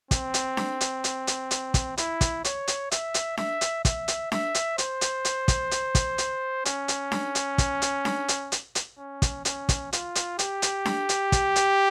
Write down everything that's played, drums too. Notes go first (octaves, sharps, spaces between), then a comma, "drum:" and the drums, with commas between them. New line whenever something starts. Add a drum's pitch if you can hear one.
C4, drum: kick, hi-hat
drum: hi-hat
drum: snare D4
drum: hi-hat
drum: hi-hat
drum: hi-hat
drum: hi-hat
drum: kick, hi-hat
E4, drum: hi-hat
drum: kick, hi-hat
C#5, drum: hi-hat
drum: hi-hat
E5, drum: hi-hat
drum: hi-hat
E5, drum: snare D4
drum: hi-hat
E5, drum: kick, hi-hat
drum: hi-hat
E5, drum: snare D4
drum: hi-hat
C5, drum: hi-hat
drum: hi-hat
drum: hi-hat
drum: kick, hi-hat
drum: hi-hat
drum: kick, hi-hat
drum: hi-hat
C#4, drum: hi-hat
drum: hi-hat
drum: snare D4
drum: hi-hat
drum: kick, hi-hat
drum: hi-hat
drum: snare D4
drum: hi-hat
drum: hi-hat
drum: hi-hat
C#4
drum: kick, hi-hat
C#4, drum: hi-hat
drum: kick, hi-hat
F4, drum: hi-hat
drum: hi-hat
G4, drum: hi-hat
drum: hi-hat
drum: snare D4
drum: hi-hat
drum: kick, hi-hat
drum: hi-hat